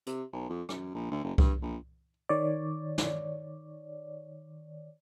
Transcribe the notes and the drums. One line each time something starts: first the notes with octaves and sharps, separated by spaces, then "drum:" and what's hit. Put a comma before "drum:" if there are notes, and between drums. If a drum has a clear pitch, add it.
C3, drum: hi-hat
B1
F2
F#2, drum: rim click
A#1
D2
F#1
G2, drum: kick C2
A#1
D#3 C#5 D5
drum: snare